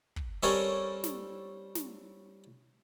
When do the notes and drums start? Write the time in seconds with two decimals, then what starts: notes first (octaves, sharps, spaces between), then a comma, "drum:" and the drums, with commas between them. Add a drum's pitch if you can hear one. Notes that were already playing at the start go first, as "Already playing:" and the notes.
0.16 drum: kick
0.43 G3 C4 C#4 A4 A#4 C#5
1.04 drum: snare
1.75 drum: snare